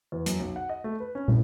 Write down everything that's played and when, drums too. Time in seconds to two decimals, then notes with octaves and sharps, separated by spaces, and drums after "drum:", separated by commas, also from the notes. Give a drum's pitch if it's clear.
0.12 E2
0.26 F#2, drum: hi-hat
0.40 B1
0.56 F#5
0.69 D#5
0.84 A3
1.00 B4
1.15 C#4
1.28 A2, drum: tom